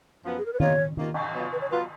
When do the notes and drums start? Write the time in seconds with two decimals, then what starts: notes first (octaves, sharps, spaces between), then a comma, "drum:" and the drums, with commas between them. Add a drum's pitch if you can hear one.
0.24 F#2 F3 B3
0.38 G#4
0.46 A#4
0.53 B4
0.60 D#2 D#3 A#3 F4 C#5, drum: tom D#3
0.97 D#2 D#3 A#3 F4, drum: tom D#3
1.14 drum: cymbal
1.34 F#3 B3 F4
1.52 B4
1.61 C#5
1.70 F#3 B3 F4 B4